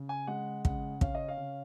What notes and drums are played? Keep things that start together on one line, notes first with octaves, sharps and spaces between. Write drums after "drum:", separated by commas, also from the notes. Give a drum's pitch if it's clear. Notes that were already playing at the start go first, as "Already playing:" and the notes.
Already playing: C#3
G#5
G#3 F#5
C#3 F#5, drum: kick
C#4 F5, drum: kick
D#5
F5
C#3